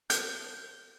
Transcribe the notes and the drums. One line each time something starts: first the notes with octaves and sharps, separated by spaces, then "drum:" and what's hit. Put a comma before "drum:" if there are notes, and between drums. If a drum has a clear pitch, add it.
G6, drum: hi-hat